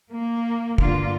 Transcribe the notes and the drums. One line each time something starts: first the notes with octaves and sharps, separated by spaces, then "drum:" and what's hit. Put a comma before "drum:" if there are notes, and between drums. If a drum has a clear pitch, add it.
A#3
G2 D3 A#3 F4, drum: kick